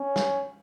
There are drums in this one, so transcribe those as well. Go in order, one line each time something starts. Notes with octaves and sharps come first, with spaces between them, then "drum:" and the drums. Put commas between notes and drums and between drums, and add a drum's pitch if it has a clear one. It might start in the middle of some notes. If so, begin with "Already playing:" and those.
Already playing: C#4
drum: snare